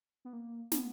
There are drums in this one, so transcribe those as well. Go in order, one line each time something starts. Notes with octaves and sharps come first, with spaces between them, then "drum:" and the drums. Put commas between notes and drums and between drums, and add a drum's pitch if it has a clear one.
B3
A#3
B3, drum: snare